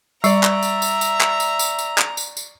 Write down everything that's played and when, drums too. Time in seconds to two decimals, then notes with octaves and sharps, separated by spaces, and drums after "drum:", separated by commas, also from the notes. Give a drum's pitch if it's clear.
0.24 G3 D5 E5 A#5 C#6, drum: tambourine
0.43 drum: clap
0.63 drum: tambourine
0.82 drum: tambourine
1.01 drum: tambourine
1.21 drum: clap
1.40 drum: tambourine
1.59 drum: tambourine
1.79 drum: tambourine
1.98 drum: clap
2.17 drum: tambourine
2.37 drum: tambourine